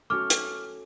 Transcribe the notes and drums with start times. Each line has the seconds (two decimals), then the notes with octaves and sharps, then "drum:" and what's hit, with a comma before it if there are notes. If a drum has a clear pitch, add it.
0.10 A3 C#4 F#4 D6 F6
0.30 drum: hi-hat